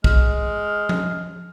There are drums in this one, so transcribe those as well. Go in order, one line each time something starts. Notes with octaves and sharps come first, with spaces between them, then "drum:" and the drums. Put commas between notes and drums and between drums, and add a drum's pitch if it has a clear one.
G#3 F6, drum: kick
drum: tom F3